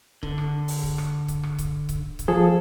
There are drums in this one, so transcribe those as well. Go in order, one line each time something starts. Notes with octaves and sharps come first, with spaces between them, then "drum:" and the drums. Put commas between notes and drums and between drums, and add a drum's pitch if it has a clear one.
D3, drum: kick C#1
drum: rim click
drum: open hi-hat
drum: kick C#1
drum: rim click
drum: kick C#1, hi-hat
drum: rim click
drum: kick C#1, hi-hat
drum: kick C#1, hi-hat
drum: kick C#1, hi-hat
F3 G#4 A4